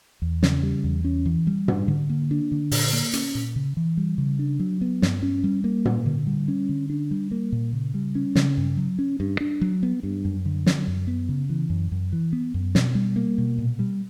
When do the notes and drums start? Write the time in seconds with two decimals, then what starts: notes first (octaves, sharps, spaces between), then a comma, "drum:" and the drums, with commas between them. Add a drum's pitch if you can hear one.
0.22 E2
0.43 C#3, drum: snare
0.63 G3
0.84 E2
1.04 C#4
1.26 E3
1.47 G3
1.68 G2, drum: tom
1.88 D3
2.09 A#3
2.31 D4
2.52 D3
2.71 A#2, drum: open hi-hat
2.93 A#3
3.13 C#4, drum: hi-hat
3.35 A#2
3.56 C#3
3.77 E3
3.97 G3
4.18 C#3
4.39 D4
4.60 F#3
4.81 B3
5.02 G2, drum: snare
5.23 C#4
5.44 G3
5.64 A#3
5.85 A#2, drum: tom
6.06 D3
6.27 G3
6.48 C#4
6.69 D3
6.90 D4
7.11 G3
7.31 A#3
7.52 A#2
7.73 C#3
7.94 G3
8.15 C#4
8.35 C#3, drum: snare
8.57 G2
8.77 F#3
8.99 C#4
9.20 G2
9.40 D4
9.61 F#3
9.83 B3
10.03 G2
10.25 F#2
10.46 D3
10.66 F#3, drum: snare
10.87 F#2
11.07 B3
11.29 C#3
11.50 E3
11.70 F#2
11.92 F#2
12.13 E3
12.33 B3
12.54 F#2
12.75 B2, drum: snare
12.95 G3
13.16 A#3
13.38 B2
13.58 A#2
13.79 G3